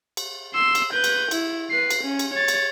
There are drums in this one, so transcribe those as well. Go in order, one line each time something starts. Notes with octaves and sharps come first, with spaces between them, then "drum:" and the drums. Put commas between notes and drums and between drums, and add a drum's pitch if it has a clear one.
drum: cymbal
C6 E6
drum: cymbal
B4 G6
drum: cymbal
E4, drum: cymbal
B4 C7
drum: cymbal
C#4
drum: cymbal
C#5 A6
drum: cymbal